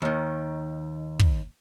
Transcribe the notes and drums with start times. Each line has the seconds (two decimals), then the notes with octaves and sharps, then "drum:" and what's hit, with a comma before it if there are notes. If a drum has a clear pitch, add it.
0.02 D#2 D#3
1.19 drum: kick